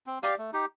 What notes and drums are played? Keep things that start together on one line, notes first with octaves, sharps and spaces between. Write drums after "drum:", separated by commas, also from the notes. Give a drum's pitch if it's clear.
C4
G4 D5 F5, drum: hi-hat
A3
D#4 G4